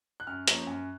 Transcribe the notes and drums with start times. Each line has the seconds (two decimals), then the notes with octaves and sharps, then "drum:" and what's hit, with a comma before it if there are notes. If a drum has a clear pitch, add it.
0.20 F#6
0.27 F#2 F6
0.48 F3 A#3 C#4, drum: hi-hat
0.67 F#2